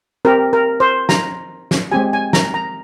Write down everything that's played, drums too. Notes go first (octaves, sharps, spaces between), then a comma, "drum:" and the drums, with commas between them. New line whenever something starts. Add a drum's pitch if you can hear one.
C4 G4 A#4
A#4
C5
A#5, drum: snare
drum: snare
G#3 C4 G4 G#5
G#5
A#5, drum: snare
A#5